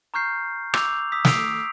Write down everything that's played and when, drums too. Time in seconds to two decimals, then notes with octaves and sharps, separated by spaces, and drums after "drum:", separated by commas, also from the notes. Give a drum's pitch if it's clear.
0.14 A#5 C#6 F6 G6 C7
0.74 D6 E6 G6 F7, drum: rim click
1.12 D#6 E6 B6
1.25 D#6 E6 B6 C7 D7 F7, drum: snare